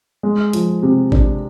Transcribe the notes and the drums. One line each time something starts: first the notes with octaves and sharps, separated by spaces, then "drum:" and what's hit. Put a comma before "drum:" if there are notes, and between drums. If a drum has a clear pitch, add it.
G#3
F3, drum: hi-hat
C3
D4, drum: kick G1